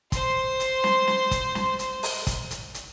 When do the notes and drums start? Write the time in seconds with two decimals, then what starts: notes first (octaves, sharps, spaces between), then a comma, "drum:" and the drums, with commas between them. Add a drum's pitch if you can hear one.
0.12 C5 C6, drum: kick, hi-hat
0.60 drum: hi-hat
0.84 drum: snare
1.07 drum: snare
1.31 drum: kick, hi-hat
1.55 drum: snare
1.79 drum: hi-hat
2.03 drum: open hi-hat
2.27 drum: kick, hi-hat
2.51 drum: hi-hat
2.74 drum: hi-hat